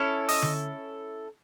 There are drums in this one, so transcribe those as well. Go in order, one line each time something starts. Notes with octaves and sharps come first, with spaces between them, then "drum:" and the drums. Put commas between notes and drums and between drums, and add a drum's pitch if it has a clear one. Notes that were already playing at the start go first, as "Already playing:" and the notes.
Already playing: C#4 E4 A4 C#5
D#5, drum: open hi-hat
drum: tom D3